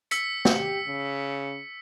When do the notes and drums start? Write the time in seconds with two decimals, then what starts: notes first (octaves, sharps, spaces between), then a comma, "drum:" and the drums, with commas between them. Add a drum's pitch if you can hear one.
0.11 E6 B6 C#7, drum: hi-hat
0.45 drum: snare
0.56 G4
0.87 C#3